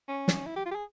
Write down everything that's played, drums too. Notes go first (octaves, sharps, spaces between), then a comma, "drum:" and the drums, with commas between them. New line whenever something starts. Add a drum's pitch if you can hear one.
C#4
drum: snare
E4
G4
F4
G4
G#4